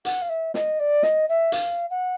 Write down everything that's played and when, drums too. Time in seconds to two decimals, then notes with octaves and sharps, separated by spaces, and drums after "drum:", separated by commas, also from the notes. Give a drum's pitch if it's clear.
0.05 F#5, drum: hi-hat
0.21 F5
0.29 E5
0.54 D#5, drum: snare
0.79 D5
1.03 D#5, drum: snare
1.29 E5
1.52 F5, drum: hi-hat
1.90 F#5